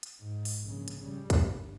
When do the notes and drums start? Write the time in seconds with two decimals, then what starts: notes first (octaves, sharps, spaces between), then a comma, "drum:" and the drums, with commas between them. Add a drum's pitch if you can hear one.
0.03 drum: hi-hat
0.21 G#2
0.45 drum: open hi-hat
0.62 A#1 C#3
0.88 drum: hi-hat
1.00 C#3 G3
1.30 G1, drum: kick, hi-hat